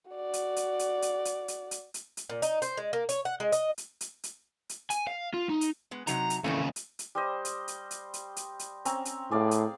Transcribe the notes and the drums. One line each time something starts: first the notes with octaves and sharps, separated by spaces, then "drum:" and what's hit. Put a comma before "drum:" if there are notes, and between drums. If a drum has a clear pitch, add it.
F#4 D5
drum: hi-hat
drum: hi-hat
drum: hi-hat
drum: hi-hat
drum: hi-hat
drum: hi-hat
drum: hi-hat
drum: hi-hat
drum: hi-hat
A#2
D#4, drum: hi-hat
C5, drum: hi-hat
G#3
A#3
C#5, drum: hi-hat
F#5
G#3
D#5, drum: hi-hat
drum: hi-hat
drum: hi-hat
drum: hi-hat
drum: hi-hat
G#5, drum: hi-hat
F5
F4
D#4
drum: hi-hat
G#3 B3
C3 F#3 D#4 A#5, drum: hi-hat
drum: hi-hat
D#2 A2 C#3 E3 A3
drum: hi-hat
drum: hi-hat
G3 C5 D#5
drum: hi-hat
drum: hi-hat
drum: hi-hat
drum: hi-hat
drum: hi-hat
drum: hi-hat
C4 C#4 A#5, drum: hi-hat
drum: hi-hat
A2 G#4 D5 F5
drum: hi-hat